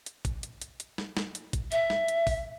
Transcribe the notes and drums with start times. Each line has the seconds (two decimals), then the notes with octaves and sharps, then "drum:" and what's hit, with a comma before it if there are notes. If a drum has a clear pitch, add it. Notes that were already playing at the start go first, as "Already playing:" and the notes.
0.06 drum: hi-hat
0.25 drum: kick, hi-hat
0.43 drum: hi-hat
0.61 drum: hi-hat
0.80 drum: hi-hat
0.98 drum: snare
1.17 drum: snare
1.35 drum: hi-hat
1.53 drum: kick, hi-hat
1.72 E5, drum: hi-hat
1.90 drum: snare
2.08 drum: hi-hat
2.27 drum: kick, open hi-hat